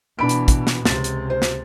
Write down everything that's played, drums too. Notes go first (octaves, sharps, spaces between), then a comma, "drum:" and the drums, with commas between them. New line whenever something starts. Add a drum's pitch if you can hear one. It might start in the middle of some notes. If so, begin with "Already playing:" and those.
B2 E3 D4 B5 D7
drum: hi-hat
drum: kick, hi-hat
drum: snare
C#2 C3 A6, drum: snare
drum: hi-hat
C5
drum: snare